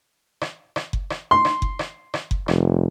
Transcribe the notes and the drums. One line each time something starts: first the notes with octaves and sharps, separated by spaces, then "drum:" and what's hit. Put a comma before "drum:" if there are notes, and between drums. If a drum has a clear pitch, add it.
drum: rim click
drum: rim click
drum: kick F#1
drum: rim click
C6
drum: rim click
drum: kick F#1
drum: rim click
drum: rim click
drum: kick F#1
F1, drum: rim click